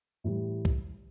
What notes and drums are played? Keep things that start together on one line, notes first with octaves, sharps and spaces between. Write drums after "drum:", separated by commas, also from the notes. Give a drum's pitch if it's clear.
A2 E3 G3
drum: kick C2